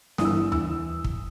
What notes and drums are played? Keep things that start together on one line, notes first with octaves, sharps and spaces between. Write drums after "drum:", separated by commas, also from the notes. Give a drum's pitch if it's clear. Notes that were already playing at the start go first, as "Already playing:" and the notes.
G1 G2 E3 D#6, drum: snare
E6
D#6
E3 E6, drum: tom D#2
drum: kick